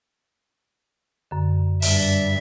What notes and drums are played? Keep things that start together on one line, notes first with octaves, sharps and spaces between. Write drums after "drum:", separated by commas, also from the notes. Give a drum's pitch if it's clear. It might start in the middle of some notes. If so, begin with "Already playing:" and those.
F#2 D3
G2 E5, drum: open hi-hat